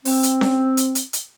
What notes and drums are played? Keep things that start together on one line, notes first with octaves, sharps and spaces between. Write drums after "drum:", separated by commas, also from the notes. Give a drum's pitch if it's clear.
C4, drum: open hi-hat
drum: hi-hat
drum: snare C#4
drum: hi-hat
drum: hi-hat
drum: hi-hat